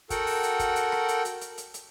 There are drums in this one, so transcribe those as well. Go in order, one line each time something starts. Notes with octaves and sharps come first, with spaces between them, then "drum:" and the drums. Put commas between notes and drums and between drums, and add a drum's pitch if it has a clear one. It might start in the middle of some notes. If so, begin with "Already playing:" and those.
F#4 A4 A#4 F#5 G5, drum: kick, hi-hat
drum: open hi-hat
drum: hi-hat
drum: kick, hi-hat
drum: hi-hat
drum: rim click
drum: hi-hat
drum: hi-hat
drum: hi-hat
drum: hi-hat
drum: hi-hat